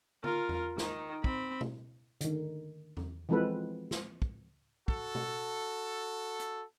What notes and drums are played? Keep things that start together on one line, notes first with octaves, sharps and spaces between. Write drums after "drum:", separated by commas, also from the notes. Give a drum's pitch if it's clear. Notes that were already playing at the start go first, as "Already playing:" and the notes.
F4 A#4, drum: tom
drum: tom E2
D#3 D#4, drum: snare
C4 B5, drum: kick
drum: tom B2
D3 D#3, drum: hi-hat
drum: tom E2
E3 F3 G#3 C4 A4 B4
drum: snare
drum: kick
F#4 A4, drum: kick
drum: tom B2
drum: hi-hat